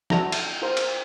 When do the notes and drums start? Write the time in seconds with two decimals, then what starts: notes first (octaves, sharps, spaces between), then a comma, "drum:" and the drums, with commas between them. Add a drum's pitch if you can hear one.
0.10 D4 E4 F#4 A4 A#5, drum: snare
0.32 drum: cymbal
0.62 F4 A#4 C5
0.77 drum: cymbal